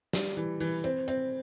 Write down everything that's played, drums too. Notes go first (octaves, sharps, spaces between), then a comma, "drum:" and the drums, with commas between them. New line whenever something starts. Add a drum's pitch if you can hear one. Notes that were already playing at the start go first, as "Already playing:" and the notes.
G3, drum: snare
E3, drum: hi-hat
E3, drum: open hi-hat
C4, drum: hi-hat
C4, drum: hi-hat